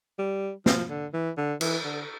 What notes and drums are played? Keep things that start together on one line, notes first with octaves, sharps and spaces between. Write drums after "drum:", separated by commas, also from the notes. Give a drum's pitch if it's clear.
G3
F3, drum: snare
D3
E3
D3
E3, drum: cymbal
D3